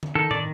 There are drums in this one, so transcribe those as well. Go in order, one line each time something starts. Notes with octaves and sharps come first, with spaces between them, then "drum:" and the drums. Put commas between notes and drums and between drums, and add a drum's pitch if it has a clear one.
drum: tom D3
D#3 A4
D#3 D5, drum: tom